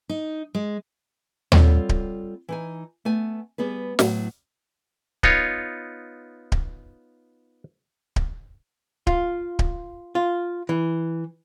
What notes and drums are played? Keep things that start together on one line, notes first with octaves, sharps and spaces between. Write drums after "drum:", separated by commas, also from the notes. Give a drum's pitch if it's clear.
D#4
G#3
G3 C4 F4 A4 C#5 F#5, drum: tom D#2
drum: kick D1
E3 D#4 G#5
A3 B3 G#5
G3 B3 G#4 B4
A2 F#3, drum: snare
B3 D#4 F4 C#5, drum: kick D1
drum: kick D1
drum: kick D1
F4, drum: kick D1
drum: kick D1
F4
E3